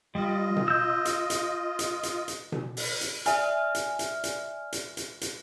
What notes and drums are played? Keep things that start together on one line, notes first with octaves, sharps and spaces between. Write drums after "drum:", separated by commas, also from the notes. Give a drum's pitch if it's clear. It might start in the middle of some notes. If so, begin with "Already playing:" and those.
G3 F4 D#5
drum: tom B2
E6 G6
drum: hi-hat
drum: hi-hat
drum: hi-hat
drum: hi-hat
drum: hi-hat
drum: tom B2
drum: open hi-hat
drum: hi-hat
D5 E5 G#5 F6, drum: hi-hat
drum: hi-hat
drum: hi-hat
drum: hi-hat
drum: hi-hat
drum: hi-hat
drum: hi-hat